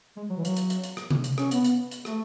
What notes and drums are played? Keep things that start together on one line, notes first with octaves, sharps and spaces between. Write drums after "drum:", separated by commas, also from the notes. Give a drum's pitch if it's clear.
G#3
F#3
E3
F#3, drum: hi-hat
drum: hi-hat
drum: hi-hat
drum: hi-hat
drum: rim click
drum: tom C3
drum: hi-hat
C#4, drum: rim click
B3, drum: hi-hat
drum: hi-hat
drum: hi-hat
A3, drum: rim click